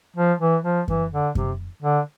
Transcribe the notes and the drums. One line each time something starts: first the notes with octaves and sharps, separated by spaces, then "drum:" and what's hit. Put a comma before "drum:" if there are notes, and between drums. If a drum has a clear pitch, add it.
F3
E3
F3
E3, drum: kick F#2
D3
C3, drum: kick F#2
D3